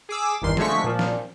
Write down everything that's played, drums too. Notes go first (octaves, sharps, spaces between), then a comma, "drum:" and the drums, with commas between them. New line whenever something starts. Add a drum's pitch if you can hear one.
G#4 D6 E6
G1 E2 G2 D#3 C6
D3 F3 G#3 A3 C#6 B6, drum: snare
A#2 F3
drum: snare